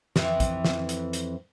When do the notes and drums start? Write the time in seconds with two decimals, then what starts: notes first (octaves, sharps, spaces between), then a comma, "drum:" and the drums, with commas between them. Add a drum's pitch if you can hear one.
0.16 F2 E3, drum: snare
0.40 drum: kick, hi-hat
0.65 drum: snare
0.89 drum: hi-hat
1.13 drum: hi-hat